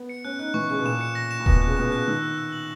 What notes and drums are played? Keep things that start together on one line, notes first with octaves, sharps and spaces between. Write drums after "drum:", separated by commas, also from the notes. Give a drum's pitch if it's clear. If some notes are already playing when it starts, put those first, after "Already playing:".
Already playing: B3
C#7
C#4 F#6
D#4 F#6
E3 C#6
C#3 F#6
B2
A#2 E7
C#7
A#6
E7
A#2
B2 A#6, drum: kick D#1
C#3 F#6
B2 E7
C#3
F#6
D#3 E6
E6
E6
F#7